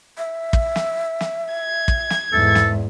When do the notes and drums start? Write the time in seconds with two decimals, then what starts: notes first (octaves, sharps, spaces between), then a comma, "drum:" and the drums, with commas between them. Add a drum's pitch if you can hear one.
0.18 E5
0.53 drum: kick
0.76 drum: snare
1.21 drum: snare
1.53 G#6
1.88 drum: kick
2.10 drum: snare
2.33 E2 G#2 A4 E5
2.55 drum: snare